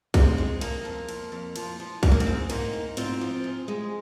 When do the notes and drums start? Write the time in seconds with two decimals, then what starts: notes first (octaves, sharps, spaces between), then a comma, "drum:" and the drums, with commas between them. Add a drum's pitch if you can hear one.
0.14 G#3 C4, drum: kick B1, cymbal
0.38 G#3
0.61 F2 A#3, drum: cymbal
0.85 F2
1.09 F2, drum: cymbal
1.32 F2
1.56 F3, drum: cymbal
1.80 F3
2.03 G#3 C4, drum: kick B1, cymbal
2.12 A#3
2.20 C4, drum: cymbal
2.27 G#2
2.50 G#2 A#3 D#4, drum: cymbal
2.73 G#2
2.97 G#2 C4 F4, drum: cymbal
3.21 F3
3.44 G#2
3.68 G#3